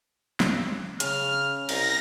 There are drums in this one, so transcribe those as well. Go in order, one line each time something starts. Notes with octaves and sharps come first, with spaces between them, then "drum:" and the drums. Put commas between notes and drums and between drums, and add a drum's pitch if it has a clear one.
drum: snare
C#3 F6, drum: hi-hat
C2 A#5 A#6, drum: cymbal